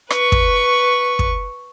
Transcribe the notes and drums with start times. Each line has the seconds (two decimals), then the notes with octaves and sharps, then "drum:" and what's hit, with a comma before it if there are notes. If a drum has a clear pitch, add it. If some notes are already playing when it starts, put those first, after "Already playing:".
0.10 B4 C#6, drum: rim click
0.32 drum: kick
1.19 drum: kick